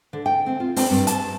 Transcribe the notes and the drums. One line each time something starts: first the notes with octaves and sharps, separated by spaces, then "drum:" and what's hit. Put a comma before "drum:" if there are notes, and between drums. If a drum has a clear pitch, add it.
D3
G5
C4
F4
C4, drum: open hi-hat
G2
A5, drum: hi-hat